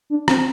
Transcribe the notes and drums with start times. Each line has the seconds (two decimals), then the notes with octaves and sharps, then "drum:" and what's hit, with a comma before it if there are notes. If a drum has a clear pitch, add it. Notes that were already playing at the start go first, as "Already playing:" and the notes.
0.10 D4
0.28 C4, drum: rim click